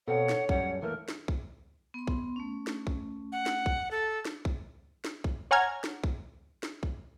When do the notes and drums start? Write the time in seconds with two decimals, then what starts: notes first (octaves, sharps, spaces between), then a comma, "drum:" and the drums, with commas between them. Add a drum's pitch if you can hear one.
0.08 B2 C4 A4 C#5 F5 F#5
0.29 drum: snare
0.49 F#2 G3 C#4 F#5, drum: kick
0.82 E3 A3 A#3 A#4
1.08 drum: snare
1.28 drum: kick
1.94 B3 C6
2.07 drum: kick
2.36 A3 C#4
2.67 drum: snare
2.87 drum: kick
3.32 F#5
3.46 drum: snare
3.66 drum: kick
3.91 A4
4.25 drum: snare
4.45 drum: kick
5.05 drum: snare
5.24 drum: kick
5.51 C#5 F#5 G#5 A#5 F6 G#6
5.84 drum: snare
6.04 drum: kick
6.63 drum: snare
6.83 drum: kick